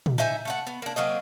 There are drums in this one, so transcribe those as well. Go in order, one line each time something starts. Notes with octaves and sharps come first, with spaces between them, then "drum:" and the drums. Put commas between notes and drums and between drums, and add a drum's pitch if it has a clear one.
drum: tom
D#4 C5 E5 G#5
A3 F5 F#5
B3
A#3 D4
F#3 A#3 C4 D#5